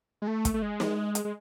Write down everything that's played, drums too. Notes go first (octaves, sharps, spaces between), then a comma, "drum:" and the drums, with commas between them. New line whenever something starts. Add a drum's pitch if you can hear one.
G#3
A3
drum: kick, hi-hat
A3
G#3
drum: snare
drum: hi-hat
G#3